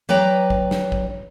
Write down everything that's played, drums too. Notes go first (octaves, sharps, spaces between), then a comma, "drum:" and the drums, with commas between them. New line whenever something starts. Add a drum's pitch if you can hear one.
F#3 B4 D5 G5 A#5
drum: kick
drum: snare
drum: kick